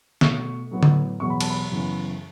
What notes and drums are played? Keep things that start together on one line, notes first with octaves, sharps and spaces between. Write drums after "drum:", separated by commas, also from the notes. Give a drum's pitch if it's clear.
B2 A3 C#6, drum: snare
A2 F#3 B3
drum: tom D3
E2 B2 F#3 B3 C#6
B5
A5, drum: cymbal
B5
F#2 C#3 E3 B3